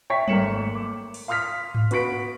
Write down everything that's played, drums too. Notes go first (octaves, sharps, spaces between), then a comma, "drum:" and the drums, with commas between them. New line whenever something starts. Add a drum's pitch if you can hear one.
C#5 E5 G5 C#6 B6
G#1 A3 A#3 C#7 E7 F#7, drum: tom F#3
D6
drum: open hi-hat
F5 C6 D#6 F6 B6
drum: tom G#2
B3 F#4 B4 B6 D7, drum: hi-hat